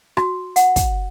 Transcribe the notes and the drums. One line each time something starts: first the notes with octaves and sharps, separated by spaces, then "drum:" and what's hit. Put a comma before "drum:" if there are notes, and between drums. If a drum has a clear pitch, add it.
F#4, drum: rim click
F#5, drum: hi-hat
drum: kick, hi-hat